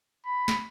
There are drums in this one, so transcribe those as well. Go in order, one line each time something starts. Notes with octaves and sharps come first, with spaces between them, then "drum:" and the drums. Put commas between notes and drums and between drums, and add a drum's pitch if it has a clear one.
B5
drum: snare